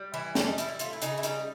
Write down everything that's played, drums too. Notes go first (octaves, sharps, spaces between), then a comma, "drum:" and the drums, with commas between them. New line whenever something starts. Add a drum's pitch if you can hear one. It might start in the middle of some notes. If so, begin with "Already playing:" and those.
Already playing: G3
E3 E4
G3 D4, drum: snare
D#4
G3 E4, drum: hi-hat
E4
A3 F4, drum: hi-hat
E4
C#3 D#4, drum: hi-hat
E4
G3 D#4, drum: hi-hat